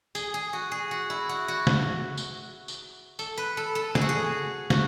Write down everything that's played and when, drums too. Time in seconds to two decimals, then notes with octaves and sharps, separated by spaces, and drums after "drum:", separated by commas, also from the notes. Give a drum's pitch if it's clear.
0.15 G#4, drum: tambourine
0.34 G#4
0.53 F#4
0.72 G#4
0.91 F#4
1.10 E4
1.29 F#4
1.48 F#4
1.67 drum: snare
2.17 drum: tambourine
2.68 drum: tambourine
3.19 A4, drum: tambourine
3.38 B4
3.57 A4
3.75 A4
3.95 G#4, drum: snare
4.01 F#4
4.09 G#4
4.70 F#4, drum: snare